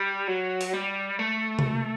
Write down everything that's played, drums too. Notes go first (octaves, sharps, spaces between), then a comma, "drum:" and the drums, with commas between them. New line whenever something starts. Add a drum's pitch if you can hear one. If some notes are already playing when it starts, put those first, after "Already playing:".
Already playing: G3
F#3
drum: open hi-hat
G3
A3
drum: tom